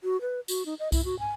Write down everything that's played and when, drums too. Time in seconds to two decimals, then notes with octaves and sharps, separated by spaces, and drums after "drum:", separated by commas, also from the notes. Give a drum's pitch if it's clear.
0.04 F#4
0.21 B4
0.48 F#4, drum: tambourine
0.66 D#4
0.79 D#5
0.92 E4, drum: kick C2, tambourine
1.05 F#4
1.19 G#5